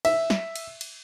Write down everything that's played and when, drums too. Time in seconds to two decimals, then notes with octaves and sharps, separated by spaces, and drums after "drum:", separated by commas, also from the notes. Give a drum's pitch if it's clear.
0.05 E5, drum: cymbal
0.30 drum: snare
0.55 drum: cymbal
0.81 drum: cymbal